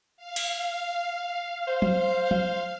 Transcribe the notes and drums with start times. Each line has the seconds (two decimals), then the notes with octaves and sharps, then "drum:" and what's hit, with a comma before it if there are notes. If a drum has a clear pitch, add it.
0.17 F5
0.36 drum: cymbal
1.68 C5
1.82 drum: tom F3
2.31 drum: tom F3